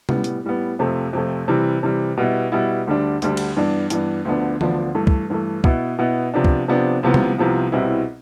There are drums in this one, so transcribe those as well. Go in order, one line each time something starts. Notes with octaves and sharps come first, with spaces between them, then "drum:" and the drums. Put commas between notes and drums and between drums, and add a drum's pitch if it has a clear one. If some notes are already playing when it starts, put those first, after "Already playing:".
A2 G3 B3, drum: tom
drum: hi-hat
A2 G3 B3
F2 C3 F3 A3
F2 C3 F3 A3
C3 E3 G3
C3 E3 G3
B2 G3 B3 E4
B2 G3 B3 E4
D2 D3 G3 D4
D2 D3 G3 D4, drum: hi-hat
drum: cymbal
G2 E3 B3 D4
G2 E3 B3 D4, drum: hi-hat
D2 D3 F3 B3 D4
D2 D3 F3 B3 D4, drum: tom E3
G2 E3 A3
drum: kick
G2 E3 A3
B2 B3 E4, drum: kick
B2 B3 E4
C3 F3 B3 D4
drum: kick
C3 F3 B3 D4
C2 C3 F3 B3
drum: tom
C2 C3 F3 B3
C2 B2 G3 C4 E4